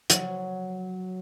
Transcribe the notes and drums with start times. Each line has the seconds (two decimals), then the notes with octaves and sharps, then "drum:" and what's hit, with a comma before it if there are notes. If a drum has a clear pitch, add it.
0.10 F#3, drum: hi-hat